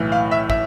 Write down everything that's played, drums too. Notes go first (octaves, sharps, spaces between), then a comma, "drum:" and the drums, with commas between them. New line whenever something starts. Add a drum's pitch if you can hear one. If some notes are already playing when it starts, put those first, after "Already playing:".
Already playing: B1 A2 E3
F5
E5
E5, drum: kick